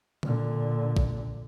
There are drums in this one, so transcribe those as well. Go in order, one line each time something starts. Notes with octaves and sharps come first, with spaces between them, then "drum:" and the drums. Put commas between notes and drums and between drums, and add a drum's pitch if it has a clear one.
A#2 D3, drum: tom C#3
drum: kick